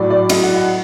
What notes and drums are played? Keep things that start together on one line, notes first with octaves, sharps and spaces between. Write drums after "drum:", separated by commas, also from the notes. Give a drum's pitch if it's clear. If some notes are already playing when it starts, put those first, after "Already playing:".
Already playing: A2 F#3 D5
D5
A2 F#3 D#5, drum: cymbal
F#5
F#5